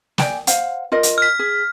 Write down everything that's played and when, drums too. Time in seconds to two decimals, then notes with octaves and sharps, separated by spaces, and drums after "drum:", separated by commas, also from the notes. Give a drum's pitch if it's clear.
0.18 D5 G5 G#5, drum: snare
0.47 C5 F5 F#5, drum: hi-hat
0.92 F4 A#4 D#5
1.03 drum: hi-hat
1.18 F6 B6
1.39 G#4